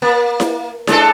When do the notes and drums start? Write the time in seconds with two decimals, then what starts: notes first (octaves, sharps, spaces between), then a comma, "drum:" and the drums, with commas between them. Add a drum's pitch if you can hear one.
0.02 A#3
0.40 drum: snare E4
0.87 G#3 D4 A4, drum: snare E4